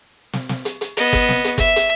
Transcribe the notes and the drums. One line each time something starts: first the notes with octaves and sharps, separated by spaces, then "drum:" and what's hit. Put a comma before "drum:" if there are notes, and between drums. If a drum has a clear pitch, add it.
drum: snare
drum: snare
drum: hi-hat
drum: hi-hat
B3 D#5, drum: hi-hat
drum: kick, hi-hat
drum: snare
drum: hi-hat
E5, drum: kick, hi-hat
drum: hi-hat